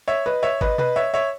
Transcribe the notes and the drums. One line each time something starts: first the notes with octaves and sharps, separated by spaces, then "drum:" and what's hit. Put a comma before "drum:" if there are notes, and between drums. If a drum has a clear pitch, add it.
C#5 E5
B4 D#5
C#5 E5
B4 D#5, drum: kick G#1
B4 D#5, drum: tom B2
C#5 E5
C#5 E5